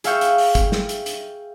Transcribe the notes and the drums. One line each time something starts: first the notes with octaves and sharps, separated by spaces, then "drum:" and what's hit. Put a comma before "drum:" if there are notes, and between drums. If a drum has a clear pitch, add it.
G#4 E5 F5 G5 C#6 G6, drum: hi-hat
drum: hi-hat
drum: open hi-hat
drum: kick, hi-hat
drum: snare
drum: hi-hat
drum: hi-hat